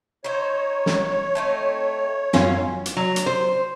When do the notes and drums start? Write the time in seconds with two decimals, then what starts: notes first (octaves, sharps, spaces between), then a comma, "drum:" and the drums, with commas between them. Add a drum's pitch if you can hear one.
0.24 D#4 C5 C#5
0.86 drum: snare
1.35 A3 C4 D#4
2.33 F#2 D#3 C#4 F4, drum: snare
2.86 drum: hi-hat
2.97 F#3
3.16 drum: hi-hat
3.26 C5